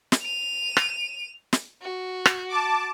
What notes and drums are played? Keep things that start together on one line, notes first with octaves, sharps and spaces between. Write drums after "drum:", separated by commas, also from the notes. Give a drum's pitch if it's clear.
drum: snare
D#7 F7
drum: rim click
drum: snare
F#4
drum: rim click
A5 D6